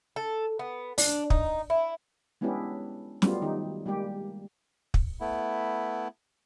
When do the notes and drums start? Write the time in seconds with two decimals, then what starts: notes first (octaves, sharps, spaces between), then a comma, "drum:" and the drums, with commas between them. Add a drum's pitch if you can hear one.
0.16 A4
0.59 B3
0.98 D4, drum: open hi-hat
1.30 D#4, drum: kick
1.70 E4
2.41 G#3 B3 C#4 D4 E4 G4
3.22 F#3 G3 A3 B3 F4, drum: snare
3.42 D#3 D#4 G4
3.86 G3 G#3 A#3 G4
4.94 drum: kick
5.21 A3 B3 E4